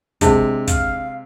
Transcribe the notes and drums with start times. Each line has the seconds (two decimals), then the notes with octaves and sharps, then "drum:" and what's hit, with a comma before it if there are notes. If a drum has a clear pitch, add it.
0.21 C3 G#3 D4, drum: kick, hi-hat
0.68 F5, drum: kick, hi-hat